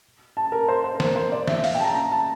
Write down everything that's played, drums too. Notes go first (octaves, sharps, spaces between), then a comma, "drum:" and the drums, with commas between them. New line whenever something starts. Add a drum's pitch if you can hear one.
A5
A#4
C5
C5
A#4
C5, drum: snare
C5
D5
E5, drum: snare
F5, drum: open hi-hat
G5
A5
A#5
A#5
A5